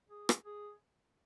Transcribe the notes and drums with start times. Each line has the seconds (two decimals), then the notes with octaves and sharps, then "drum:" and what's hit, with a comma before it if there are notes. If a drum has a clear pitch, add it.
0.09 G#4
0.29 drum: rim click
0.45 G#4